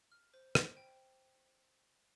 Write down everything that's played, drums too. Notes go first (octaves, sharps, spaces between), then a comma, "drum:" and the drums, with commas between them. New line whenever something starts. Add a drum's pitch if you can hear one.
F6
C5
C5, drum: rim click
G5